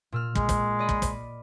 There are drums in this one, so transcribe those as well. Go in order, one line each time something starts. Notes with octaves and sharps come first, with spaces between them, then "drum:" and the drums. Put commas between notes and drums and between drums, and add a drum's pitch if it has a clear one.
A#2 E6 F6
G#3, drum: kick
drum: kick, hi-hat
D5 D#5 B5
drum: kick
drum: kick, hi-hat